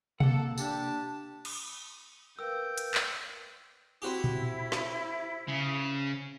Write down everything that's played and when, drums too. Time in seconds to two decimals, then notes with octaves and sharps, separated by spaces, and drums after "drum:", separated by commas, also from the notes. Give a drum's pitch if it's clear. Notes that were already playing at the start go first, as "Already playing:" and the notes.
0.20 A#3 A4 F#5, drum: tom B2
0.58 D4 G4 A5, drum: tambourine
1.45 drum: cymbal
2.39 A#4 B4 F5 G5 E6
2.78 drum: hi-hat
2.94 drum: clap
4.02 C4 E4 F#4 G4
4.24 drum: tom A#2
4.72 drum: snare
5.48 C#3